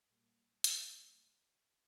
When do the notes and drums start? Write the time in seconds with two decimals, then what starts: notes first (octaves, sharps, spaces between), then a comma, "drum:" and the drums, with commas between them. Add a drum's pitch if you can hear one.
0.10 A#2 G3 A#3
0.64 drum: hi-hat